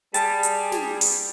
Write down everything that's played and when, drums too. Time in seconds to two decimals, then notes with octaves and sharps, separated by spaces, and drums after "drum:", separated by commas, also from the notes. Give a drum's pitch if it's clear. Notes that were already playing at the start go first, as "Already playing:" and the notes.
0.14 G3 G#4 A5, drum: hi-hat
0.43 drum: hi-hat
0.72 drum: snare
1.01 drum: open hi-hat